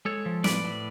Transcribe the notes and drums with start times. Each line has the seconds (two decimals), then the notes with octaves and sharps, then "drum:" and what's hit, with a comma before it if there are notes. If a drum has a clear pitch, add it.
0.05 G#3 A4 C#5
0.26 F3
0.44 A2 B4 D5, drum: snare
0.65 A2